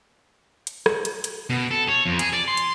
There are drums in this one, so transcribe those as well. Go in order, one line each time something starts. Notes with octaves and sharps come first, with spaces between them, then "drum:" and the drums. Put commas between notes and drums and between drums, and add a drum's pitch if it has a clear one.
drum: hi-hat
drum: rim click
drum: hi-hat
drum: hi-hat
B2
A4
C#5
F2
G#4, drum: hi-hat
D5
C6
drum: hi-hat